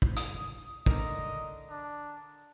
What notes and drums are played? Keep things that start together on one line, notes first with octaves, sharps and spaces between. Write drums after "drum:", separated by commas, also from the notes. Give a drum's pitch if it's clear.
drum: kick
D#6, drum: hi-hat
D3 A#4 D#5, drum: kick
D4